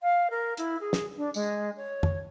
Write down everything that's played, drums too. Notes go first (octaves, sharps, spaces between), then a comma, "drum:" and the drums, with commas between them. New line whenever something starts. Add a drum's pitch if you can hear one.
F5
A#4
E4, drum: hi-hat
G#4
drum: snare
D4
G#3, drum: tambourine
C#5
drum: tom F2